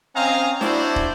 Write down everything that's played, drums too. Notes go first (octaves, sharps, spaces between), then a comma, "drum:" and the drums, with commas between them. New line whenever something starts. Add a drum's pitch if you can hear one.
C4 C#4 D#5 F5 G#5 A#5
D4 E4 F#4 C5 D5, drum: snare
drum: kick